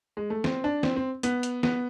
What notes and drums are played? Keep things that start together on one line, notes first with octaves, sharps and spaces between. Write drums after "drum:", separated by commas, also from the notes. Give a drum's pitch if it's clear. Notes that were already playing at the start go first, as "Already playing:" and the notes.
G#3
A3
C4, drum: snare
D4
C4, drum: snare
C4
B3, drum: hi-hat
drum: hi-hat
B3, drum: snare